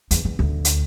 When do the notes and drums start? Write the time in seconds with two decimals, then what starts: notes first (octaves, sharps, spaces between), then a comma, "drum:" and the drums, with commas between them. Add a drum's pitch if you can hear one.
0.11 E2, drum: hi-hat
0.25 E2
0.39 D2
0.65 drum: hi-hat